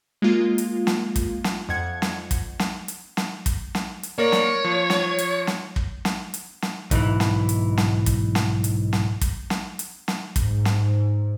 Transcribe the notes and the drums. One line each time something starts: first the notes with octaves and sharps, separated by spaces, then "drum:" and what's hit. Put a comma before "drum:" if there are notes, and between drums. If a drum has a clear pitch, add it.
G#3 A#3 F4
drum: hi-hat
drum: snare
drum: kick, hi-hat
drum: snare
F2 F#5 G#6 C#7
drum: snare
drum: kick, hi-hat
drum: snare
drum: hi-hat
drum: snare
drum: kick, hi-hat
drum: snare
drum: hi-hat
A#3 A#4 C#5 D5
drum: snare
F3
drum: snare
drum: hi-hat
drum: snare
drum: kick
drum: snare
drum: hi-hat
drum: snare
B1 G#2 E3, drum: kick, hi-hat
drum: snare
drum: hi-hat
drum: snare
drum: kick, hi-hat
drum: snare
drum: hi-hat
drum: snare
drum: kick, hi-hat
drum: snare
drum: hi-hat
drum: snare
G#2, drum: kick, hi-hat
drum: snare